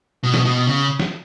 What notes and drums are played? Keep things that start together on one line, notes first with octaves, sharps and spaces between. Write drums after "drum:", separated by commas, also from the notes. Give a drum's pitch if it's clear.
B2
drum: snare
B2
C#3
drum: snare